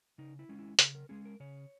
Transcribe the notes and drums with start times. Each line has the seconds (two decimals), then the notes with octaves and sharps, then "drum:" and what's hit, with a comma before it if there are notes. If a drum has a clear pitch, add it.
0.18 C#3 D#4
0.39 E4
0.49 G#3 C#4
0.59 E4
0.79 C#3 G#4, drum: hi-hat
0.95 A#4
1.09 G#3 C#4 G#4
1.25 A#4
1.40 C#3 C#5